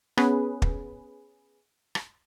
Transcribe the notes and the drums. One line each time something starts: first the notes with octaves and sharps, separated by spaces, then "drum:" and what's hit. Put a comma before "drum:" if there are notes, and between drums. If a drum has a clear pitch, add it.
B3 C#4 G#4 B4, drum: rim click
drum: kick
drum: rim click